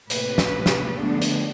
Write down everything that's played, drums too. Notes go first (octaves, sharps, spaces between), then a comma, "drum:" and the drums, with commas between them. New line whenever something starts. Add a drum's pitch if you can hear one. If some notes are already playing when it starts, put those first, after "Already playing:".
A2 C3 A#3 B4, drum: hi-hat
drum: snare
drum: snare
D3 F3 G#3 A3 B3 D4
drum: hi-hat